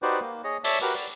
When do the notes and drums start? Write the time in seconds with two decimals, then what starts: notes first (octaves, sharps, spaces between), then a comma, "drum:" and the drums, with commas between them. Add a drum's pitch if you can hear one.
0.02 D#4 F#4 G4 B4 C5 D5
0.20 A#3
0.44 G#4 C#5 D#5
0.64 C#5 D5 E5 A5, drum: open hi-hat
0.82 F#4 G4 A#4 B4
0.94 D5